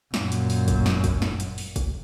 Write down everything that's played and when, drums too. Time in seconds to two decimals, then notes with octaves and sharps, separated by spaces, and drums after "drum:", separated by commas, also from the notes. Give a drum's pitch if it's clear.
0.14 F#2 A#2, drum: snare
0.32 drum: hi-hat
0.50 drum: open hi-hat
0.68 drum: kick, hi-hat
0.86 drum: snare
1.04 drum: kick, hi-hat
1.22 drum: snare
1.40 drum: hi-hat
1.58 drum: open hi-hat
1.76 drum: kick, hi-hat